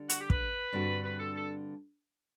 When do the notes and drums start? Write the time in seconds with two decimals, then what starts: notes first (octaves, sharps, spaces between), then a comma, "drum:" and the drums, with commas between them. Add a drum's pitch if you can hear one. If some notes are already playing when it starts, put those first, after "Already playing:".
Already playing: D3 G3 D4
0.09 F#4, drum: hi-hat
0.20 G4
0.30 B4, drum: kick
0.73 G2 D3 G3 C4 F#4
1.04 B4
1.20 A4
1.36 A4